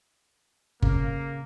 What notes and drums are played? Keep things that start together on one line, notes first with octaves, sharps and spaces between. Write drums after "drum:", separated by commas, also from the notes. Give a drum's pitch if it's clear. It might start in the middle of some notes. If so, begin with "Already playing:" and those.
C#3 A#3, drum: kick G1